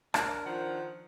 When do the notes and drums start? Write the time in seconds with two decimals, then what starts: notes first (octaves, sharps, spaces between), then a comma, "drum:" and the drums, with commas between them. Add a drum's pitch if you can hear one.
0.14 D4 A#4, drum: rim click
0.44 D#3 F3 F#5